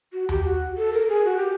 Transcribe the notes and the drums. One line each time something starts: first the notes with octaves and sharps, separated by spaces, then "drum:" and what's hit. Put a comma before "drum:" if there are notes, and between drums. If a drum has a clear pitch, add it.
F#4
G4, drum: tom D#2
F#4
A4
A#4
G#4
F#4
G4